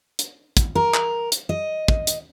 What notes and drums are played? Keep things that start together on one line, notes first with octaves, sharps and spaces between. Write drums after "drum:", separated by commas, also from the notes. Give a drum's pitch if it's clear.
drum: hi-hat
drum: kick, hi-hat
A#4
drum: clap
drum: hi-hat
D#5
drum: kick
drum: hi-hat